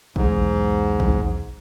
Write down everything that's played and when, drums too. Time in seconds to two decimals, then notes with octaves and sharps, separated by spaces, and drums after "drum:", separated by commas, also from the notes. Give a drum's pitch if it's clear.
0.16 B1 E2 G#2, drum: kick
1.00 drum: kick